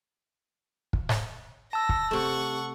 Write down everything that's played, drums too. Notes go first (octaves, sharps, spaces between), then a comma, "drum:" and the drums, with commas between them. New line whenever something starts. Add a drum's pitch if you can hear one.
drum: kick
drum: snare G#2
A5 E6 A#6
drum: kick
C3 A3 F#5 C#6